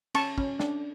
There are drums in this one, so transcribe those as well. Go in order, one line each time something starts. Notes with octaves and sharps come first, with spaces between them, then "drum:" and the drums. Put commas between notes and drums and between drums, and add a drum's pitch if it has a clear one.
C#4 A5 C#6, drum: cymbal
C#4, drum: kick
D4, drum: snare